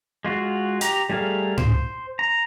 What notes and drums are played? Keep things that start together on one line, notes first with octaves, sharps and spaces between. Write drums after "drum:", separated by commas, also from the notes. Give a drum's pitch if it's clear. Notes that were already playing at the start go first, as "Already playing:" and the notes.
G#3 F4 F#4
G4 A#5, drum: hi-hat
G3 A3 G#4 A#4 F5
C5, drum: tom G#2
A#5